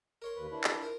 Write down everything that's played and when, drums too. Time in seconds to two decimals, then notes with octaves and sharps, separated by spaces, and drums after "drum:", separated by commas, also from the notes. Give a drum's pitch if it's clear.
0.22 A#4 C#5 C6
0.36 D#2 B4
0.51 D4 E4 B4
0.64 drum: clap
0.81 F4 A#4 C5